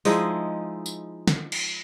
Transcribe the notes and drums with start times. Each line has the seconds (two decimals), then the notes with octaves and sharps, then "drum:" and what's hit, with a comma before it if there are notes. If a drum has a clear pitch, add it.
0.05 F3 G#3 D#4 E4, drum: open hi-hat
0.86 drum: tambourine
1.27 drum: snare
1.52 drum: cymbal